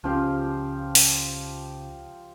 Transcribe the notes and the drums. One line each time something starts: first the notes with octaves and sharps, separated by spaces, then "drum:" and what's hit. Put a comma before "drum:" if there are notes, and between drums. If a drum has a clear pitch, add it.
C#2 F3 C#4 G4 F5
drum: open hi-hat